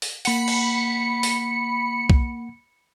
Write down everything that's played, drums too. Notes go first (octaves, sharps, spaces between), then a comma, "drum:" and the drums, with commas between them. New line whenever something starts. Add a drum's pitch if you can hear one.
drum: open hi-hat
A#3 F#5 B5 C#7, drum: open hi-hat
drum: cymbal
drum: open hi-hat
drum: kick B1